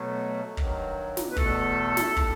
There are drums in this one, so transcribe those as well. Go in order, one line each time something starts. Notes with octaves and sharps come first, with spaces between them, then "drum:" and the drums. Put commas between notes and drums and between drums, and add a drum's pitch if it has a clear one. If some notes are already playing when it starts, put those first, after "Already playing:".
Already playing: B2 F#3 A3
G2 D#3 F#3, drum: kick
drum: snare
B4
E2 B2 A3 A4, drum: kick
drum: snare
A2 G3, drum: kick